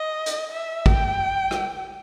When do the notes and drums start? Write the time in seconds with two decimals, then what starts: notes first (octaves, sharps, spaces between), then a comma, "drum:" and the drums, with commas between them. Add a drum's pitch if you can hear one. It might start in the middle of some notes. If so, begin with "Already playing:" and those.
Already playing: D#5
0.26 drum: hi-hat
0.52 E5
0.86 G5, drum: kick
1.51 drum: rim click